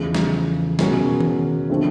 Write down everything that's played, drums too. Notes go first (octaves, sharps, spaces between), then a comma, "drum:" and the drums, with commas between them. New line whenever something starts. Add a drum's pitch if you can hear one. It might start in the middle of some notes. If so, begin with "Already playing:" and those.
Already playing: E2 C#3 F3 A3
drum: snare
B2 G#3 C#4 F#4 A#4, drum: snare
drum: tom D#3
D3 F3 A3 C4